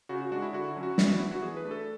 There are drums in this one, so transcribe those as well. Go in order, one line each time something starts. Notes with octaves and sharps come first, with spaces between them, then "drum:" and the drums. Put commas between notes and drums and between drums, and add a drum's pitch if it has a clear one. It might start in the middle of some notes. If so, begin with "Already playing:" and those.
C#3 F#4
F#4
G#3 D4 F#4
E4
D3 F#4
E4
F#3 C#4
F#4
E3 E4, drum: snare
F#4
B3 D4 E4
F#4
E3 G#4
B4
A3 D4
A4